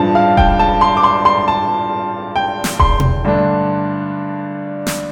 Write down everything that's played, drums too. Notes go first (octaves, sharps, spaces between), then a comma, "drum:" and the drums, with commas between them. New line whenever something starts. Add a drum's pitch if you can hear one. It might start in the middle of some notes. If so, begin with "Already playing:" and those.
Already playing: A1 G2 F3 A5
F5
G5, drum: kick D#1
A5
C6
D6
C6
C6
A5
G5
drum: snare
C6, drum: kick D#1
drum: tom
G2 D3 A3 D4
drum: snare